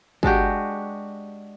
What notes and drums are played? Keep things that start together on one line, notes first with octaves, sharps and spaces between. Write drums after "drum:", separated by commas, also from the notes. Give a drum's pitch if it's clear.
G#3 D4 F#4 G4, drum: kick